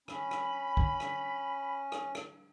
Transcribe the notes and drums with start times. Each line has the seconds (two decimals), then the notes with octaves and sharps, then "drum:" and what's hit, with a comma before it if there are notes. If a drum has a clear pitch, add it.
0.08 C#4 B5, drum: rim click
0.31 drum: rim click
0.77 drum: kick
1.00 drum: rim click
1.92 drum: rim click
2.15 drum: rim click